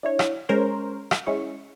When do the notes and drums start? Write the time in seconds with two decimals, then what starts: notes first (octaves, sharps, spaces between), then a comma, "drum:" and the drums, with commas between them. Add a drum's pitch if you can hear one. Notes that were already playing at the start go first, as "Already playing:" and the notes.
0.03 D4 E4 C#5
0.19 drum: rim click
0.49 G#3 C#4 A#4 C5 C#5
1.11 drum: rim click
1.26 G#3 C#4 E4 C#6